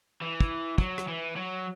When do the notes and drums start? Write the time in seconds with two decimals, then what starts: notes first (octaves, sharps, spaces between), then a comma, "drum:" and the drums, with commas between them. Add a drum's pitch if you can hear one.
0.21 E3
0.40 drum: kick
0.78 F#3, drum: kick
0.98 drum: rim click
1.08 E3
1.36 F#3